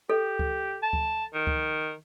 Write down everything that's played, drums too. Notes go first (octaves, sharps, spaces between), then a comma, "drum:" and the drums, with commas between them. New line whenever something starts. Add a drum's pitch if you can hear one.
G4 A4
drum: kick C#2
A5
drum: kick C#2
D#3
drum: kick C#2